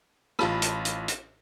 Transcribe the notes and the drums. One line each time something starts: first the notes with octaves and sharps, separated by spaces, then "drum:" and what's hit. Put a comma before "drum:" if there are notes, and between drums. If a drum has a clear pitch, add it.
A1 F4 A5 B5, drum: rim click
drum: hi-hat
drum: hi-hat
drum: hi-hat